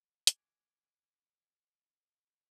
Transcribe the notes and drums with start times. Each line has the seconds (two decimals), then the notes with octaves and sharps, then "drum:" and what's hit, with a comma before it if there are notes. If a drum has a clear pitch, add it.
0.27 G#5 C#6 D6 F#6 G#6 D7, drum: hi-hat